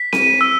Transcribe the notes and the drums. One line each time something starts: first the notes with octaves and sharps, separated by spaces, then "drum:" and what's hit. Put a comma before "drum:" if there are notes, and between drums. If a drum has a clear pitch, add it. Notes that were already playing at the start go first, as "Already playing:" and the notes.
Already playing: B6
D#7, drum: snare C4
E6